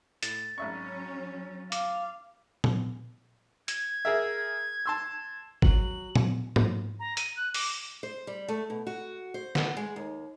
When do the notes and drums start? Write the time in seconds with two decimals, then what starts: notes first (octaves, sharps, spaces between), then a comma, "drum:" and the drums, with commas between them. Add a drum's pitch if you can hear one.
0.23 A2 A6, drum: hi-hat
0.58 G#1 F#3 C#4 E5 C#6
1.72 F5 D6, drum: hi-hat
2.64 drum: tom A#2
3.68 G#6, drum: hi-hat
4.05 G#4 A#4 E5
4.86 A5 C6 E6
5.62 F#3 F#7, drum: kick
6.16 drum: tom A#2
6.56 drum: tom G#2
7.00 A#5
7.17 D#7, drum: hi-hat
7.37 F#6
7.54 D6, drum: open hi-hat
8.03 C5
8.27 G3
8.48 A3
8.70 B2
8.87 F#4
9.34 C5
9.55 B3, drum: snare
9.77 G#3
9.96 D#2